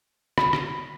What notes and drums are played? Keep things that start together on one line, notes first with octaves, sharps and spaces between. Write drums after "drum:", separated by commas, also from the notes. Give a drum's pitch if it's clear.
B5, drum: rim click
drum: rim click